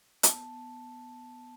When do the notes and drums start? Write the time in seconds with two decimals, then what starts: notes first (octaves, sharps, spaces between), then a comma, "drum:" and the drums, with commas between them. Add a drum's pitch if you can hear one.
0.23 B3 A5, drum: hi-hat
0.53 B3